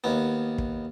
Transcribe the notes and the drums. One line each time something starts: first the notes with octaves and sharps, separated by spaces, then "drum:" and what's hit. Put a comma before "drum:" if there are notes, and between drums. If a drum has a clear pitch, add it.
D#2 B3
drum: kick